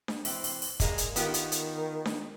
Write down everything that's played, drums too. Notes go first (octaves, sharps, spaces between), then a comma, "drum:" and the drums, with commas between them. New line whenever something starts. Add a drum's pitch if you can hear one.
drum: snare D4
E3 C4, drum: open hi-hat
drum: open hi-hat
drum: open hi-hat
G3 G#3 A#3, drum: kick, hi-hat
drum: hi-hat
D#3 B3 F4 G4, drum: hi-hat
drum: hi-hat
drum: hi-hat
drum: snare D4